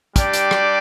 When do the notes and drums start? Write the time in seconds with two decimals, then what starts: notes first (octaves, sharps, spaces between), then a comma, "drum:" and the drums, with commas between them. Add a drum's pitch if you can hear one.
0.16 G3 D4 G4 D5, drum: kick, hi-hat
0.33 drum: hi-hat
0.51 drum: rim click